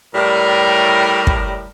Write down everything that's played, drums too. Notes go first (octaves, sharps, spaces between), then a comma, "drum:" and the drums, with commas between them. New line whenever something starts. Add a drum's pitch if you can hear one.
A2 G3 A#4
drum: kick